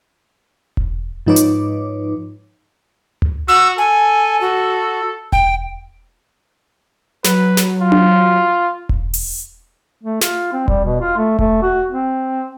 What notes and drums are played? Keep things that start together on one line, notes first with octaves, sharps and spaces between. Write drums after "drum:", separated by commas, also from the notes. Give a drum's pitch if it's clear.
drum: kick E1
G#2 F3 D#4 B4 C#5 D6
drum: hi-hat
drum: tom D2
F#4 E6
A4 G#5
F#4
G5, drum: kick E1
F#3 B4, drum: snare
drum: snare
F4
drum: tom D4
drum: kick E1
drum: open hi-hat
A3
F4, drum: snare
C4
G3, drum: kick E1
B2
F4
A3
A3, drum: kick E1
F#4
C4